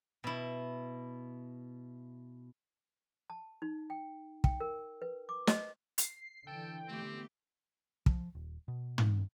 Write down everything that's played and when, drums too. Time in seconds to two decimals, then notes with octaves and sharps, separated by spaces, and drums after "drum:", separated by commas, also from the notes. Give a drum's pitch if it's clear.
0.24 B2 E4
3.30 A5
3.62 D#4
3.90 G5
4.44 G5, drum: kick
4.60 A#4
5.02 B4
5.29 D6
5.47 D#5, drum: snare
5.98 C7, drum: hi-hat
6.47 D3 E3 A4 G5
6.88 A3 B3 C4 G4
8.06 F3, drum: kick
8.35 D#1
8.68 B2
8.98 drum: tom